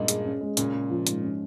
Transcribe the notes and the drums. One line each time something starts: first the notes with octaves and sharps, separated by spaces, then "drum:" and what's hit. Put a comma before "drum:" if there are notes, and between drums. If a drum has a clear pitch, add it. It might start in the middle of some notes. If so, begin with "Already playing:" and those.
Already playing: G2 A#2 G#3 C#4 D#5
G#4, drum: hi-hat
C#4
G#3
A#2 C#3 C#4, drum: hi-hat
G#3
F3
G#2, drum: hi-hat
C#4